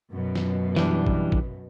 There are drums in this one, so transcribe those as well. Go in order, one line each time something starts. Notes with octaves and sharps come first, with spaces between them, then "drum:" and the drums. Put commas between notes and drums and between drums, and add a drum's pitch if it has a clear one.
F#2 B2
drum: snare
E3 G3 D4, drum: snare
drum: kick
drum: kick